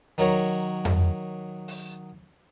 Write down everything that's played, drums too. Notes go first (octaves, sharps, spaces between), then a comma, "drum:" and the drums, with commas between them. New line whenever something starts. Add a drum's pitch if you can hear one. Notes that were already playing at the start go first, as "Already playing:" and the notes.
D#3 F#3 A#4 C#5
drum: tom F2
drum: open hi-hat